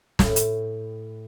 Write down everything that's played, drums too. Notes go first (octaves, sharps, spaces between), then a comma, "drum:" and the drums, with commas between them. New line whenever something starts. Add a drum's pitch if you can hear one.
A2, drum: snare
drum: hi-hat